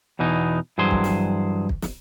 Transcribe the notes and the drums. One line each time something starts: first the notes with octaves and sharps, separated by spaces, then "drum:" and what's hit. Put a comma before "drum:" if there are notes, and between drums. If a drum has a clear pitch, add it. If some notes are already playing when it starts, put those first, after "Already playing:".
E2 B2 E3 D#4
G2 E3 F#3 G#4 C5 C6
drum: kick
drum: snare
drum: kick
drum: snare